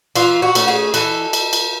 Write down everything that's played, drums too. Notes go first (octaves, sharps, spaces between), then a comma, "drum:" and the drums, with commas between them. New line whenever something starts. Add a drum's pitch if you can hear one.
E3 F4, drum: cymbal
F#4
A3 C#4, drum: cymbal
G#4
E3 A4, drum: cymbal
drum: cymbal
drum: cymbal